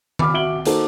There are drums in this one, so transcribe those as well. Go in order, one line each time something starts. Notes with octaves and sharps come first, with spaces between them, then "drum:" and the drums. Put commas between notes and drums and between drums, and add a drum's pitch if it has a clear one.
B5 D6 F6, drum: tom D#3
F#4 E5 F#5 D7 F#7 G7
A#3 D#4 F#4 A4 C5, drum: hi-hat